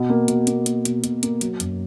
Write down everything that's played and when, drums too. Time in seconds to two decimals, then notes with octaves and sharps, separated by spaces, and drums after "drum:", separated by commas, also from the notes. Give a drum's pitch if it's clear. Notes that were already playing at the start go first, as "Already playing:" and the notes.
Already playing: B2
0.10 A#3
0.28 B2, drum: hi-hat
0.47 A#3, drum: hi-hat
0.66 A#3, drum: hi-hat
0.85 B2, drum: hi-hat
1.04 B2, drum: hi-hat
1.23 A#3, drum: hi-hat
1.41 F#3, drum: hi-hat
1.60 F#2, drum: hi-hat